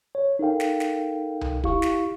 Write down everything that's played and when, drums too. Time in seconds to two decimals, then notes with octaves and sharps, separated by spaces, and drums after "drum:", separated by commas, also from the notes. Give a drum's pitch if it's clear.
0.15 C#5
0.39 D#4 A4 A#4 F5 G5
0.60 drum: snare
0.80 drum: snare
1.41 drum: tom C2
1.64 E4 G4 F5 C#6, drum: kick
1.82 drum: snare